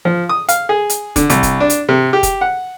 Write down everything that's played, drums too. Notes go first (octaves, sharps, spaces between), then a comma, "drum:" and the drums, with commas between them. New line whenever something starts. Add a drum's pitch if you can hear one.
F3
D#6
F5, drum: hi-hat
G#4
drum: hi-hat
D3, drum: kick F1, hi-hat
C2, drum: hi-hat
drum: kick F1, hi-hat
D4
drum: hi-hat
C3
G4
drum: kick F1, hi-hat
F#5